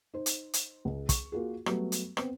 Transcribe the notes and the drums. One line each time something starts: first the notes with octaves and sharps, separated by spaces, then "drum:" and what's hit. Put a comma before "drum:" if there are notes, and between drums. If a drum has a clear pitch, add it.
D#4 C5
drum: hi-hat
drum: hi-hat
C#2
C#6, drum: kick, hi-hat
A#3 F4 F#4 G#4
F#3 G3 A3 B3, drum: rim click
drum: hi-hat
B3 C4, drum: rim click